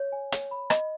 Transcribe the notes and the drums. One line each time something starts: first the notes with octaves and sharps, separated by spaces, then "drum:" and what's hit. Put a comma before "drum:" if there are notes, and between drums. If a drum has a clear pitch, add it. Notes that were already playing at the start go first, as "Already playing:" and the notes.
Already playing: C#5
G#5
C#5, drum: hi-hat
B5
D#5, drum: rim click